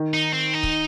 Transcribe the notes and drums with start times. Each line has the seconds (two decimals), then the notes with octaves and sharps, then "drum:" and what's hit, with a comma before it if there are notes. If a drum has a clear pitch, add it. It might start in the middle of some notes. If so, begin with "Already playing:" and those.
Already playing: D#3
0.14 D#4
0.33 C4
0.54 D#4
0.63 drum: kick C#1